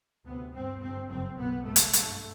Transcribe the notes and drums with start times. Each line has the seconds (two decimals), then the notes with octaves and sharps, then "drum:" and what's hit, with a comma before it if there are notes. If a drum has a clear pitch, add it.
0.25 D2 C3 B3
0.53 G1 G2 C4
0.81 G1 G2 C4
1.09 F#1 F#2 C4
1.37 B1 B2 B3
1.65 F#1 F#2 A3
1.76 drum: hi-hat
1.93 G1 G2 A3, drum: hi-hat